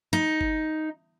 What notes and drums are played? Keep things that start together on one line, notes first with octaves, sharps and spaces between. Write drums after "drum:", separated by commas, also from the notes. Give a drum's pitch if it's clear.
D#4
drum: kick G1